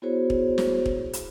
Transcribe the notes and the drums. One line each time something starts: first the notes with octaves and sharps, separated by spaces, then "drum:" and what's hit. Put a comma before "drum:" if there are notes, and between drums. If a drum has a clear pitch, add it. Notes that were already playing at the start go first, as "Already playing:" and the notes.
B3 E4 F#4 G#4 C5 C#5
drum: kick
drum: snare
drum: kick
drum: hi-hat